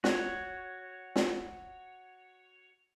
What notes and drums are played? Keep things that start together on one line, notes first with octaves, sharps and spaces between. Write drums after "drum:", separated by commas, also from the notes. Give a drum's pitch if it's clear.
F#4 C#5, drum: snare
drum: snare